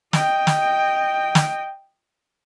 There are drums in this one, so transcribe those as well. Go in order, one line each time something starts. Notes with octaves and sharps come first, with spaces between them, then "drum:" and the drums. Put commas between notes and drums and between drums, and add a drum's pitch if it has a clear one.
D#5 G5, drum: snare
drum: snare
drum: snare